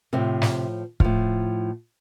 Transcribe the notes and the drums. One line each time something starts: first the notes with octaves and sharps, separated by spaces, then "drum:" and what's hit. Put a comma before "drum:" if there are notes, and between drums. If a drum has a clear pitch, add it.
A2 C3 F3 C4
drum: snare
A2 F3, drum: kick